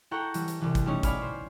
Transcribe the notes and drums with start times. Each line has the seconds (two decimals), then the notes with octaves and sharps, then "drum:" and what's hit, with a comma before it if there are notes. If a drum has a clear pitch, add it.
0.11 E4 A4 F#5 G5 A#5 C#6
0.34 E3 G3, drum: hi-hat
0.48 drum: hi-hat
0.61 C2 E3
0.75 drum: kick G#1, hi-hat
0.85 B2 G3 A3 C#4 D#4
1.03 D5 F5 G#5 B5 C#6 F6, drum: kick G#1, hi-hat
1.22 C5